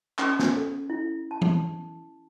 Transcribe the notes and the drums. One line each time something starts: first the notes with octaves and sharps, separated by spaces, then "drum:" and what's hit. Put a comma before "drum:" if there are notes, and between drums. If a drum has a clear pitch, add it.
C#4, drum: clap
drum: snare
A4
E4
A5
drum: tom